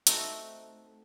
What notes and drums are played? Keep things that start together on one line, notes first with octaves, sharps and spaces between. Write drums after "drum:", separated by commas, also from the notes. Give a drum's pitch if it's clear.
A3 C4 D#4 F#4 A4, drum: hi-hat